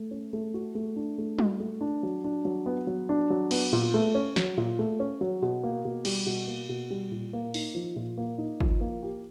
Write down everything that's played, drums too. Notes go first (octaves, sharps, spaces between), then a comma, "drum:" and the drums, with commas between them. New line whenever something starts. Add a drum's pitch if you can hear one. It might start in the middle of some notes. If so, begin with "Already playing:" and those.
Already playing: A3
C#4
A3
F#4
A3
D4
A3
F#4, drum: tom G3
A3
D4
F#3
D4
F#3
B3
F#3
D4
F#3
B3, drum: cymbal
A#2
A3
C#4
F#3, drum: snare
A#2
A3
C#4
F#3
B2
A#3
B2
G3, drum: cymbal
B2
A#3
B2
G3
A#2
A#3
D#4, drum: open hi-hat
F3
A#2
A#3
D#4
F3, drum: kick
A#3
G4